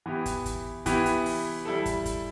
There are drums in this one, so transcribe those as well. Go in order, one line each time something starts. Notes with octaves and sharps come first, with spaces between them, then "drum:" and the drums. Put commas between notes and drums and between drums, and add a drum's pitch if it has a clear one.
E3 B3 E4 G4
drum: kick, hi-hat
drum: kick, hi-hat
E3 B3 E4 G4, drum: kick, hi-hat
drum: hi-hat
drum: open hi-hat
G3 E4 A4
drum: kick, hi-hat
drum: kick, hi-hat